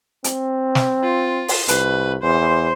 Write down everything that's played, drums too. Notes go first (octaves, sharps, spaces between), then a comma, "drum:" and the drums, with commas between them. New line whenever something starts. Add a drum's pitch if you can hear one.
C4, drum: hi-hat
drum: snare
F4
drum: open hi-hat
C2 B4, drum: hi-hat
E2 C5